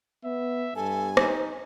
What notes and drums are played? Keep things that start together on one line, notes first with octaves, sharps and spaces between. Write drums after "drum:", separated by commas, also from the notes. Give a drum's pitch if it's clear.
B3 E5
G2 A4 G#5
D#4, drum: rim click